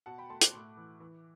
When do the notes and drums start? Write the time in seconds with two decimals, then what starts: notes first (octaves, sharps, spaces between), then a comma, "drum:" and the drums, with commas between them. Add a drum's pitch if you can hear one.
0.06 B2 F#5 A5
0.18 G5 B5
0.30 A3 A5 C6
0.41 D6 F#6, drum: hi-hat
0.53 A2
0.77 E3
1.00 E3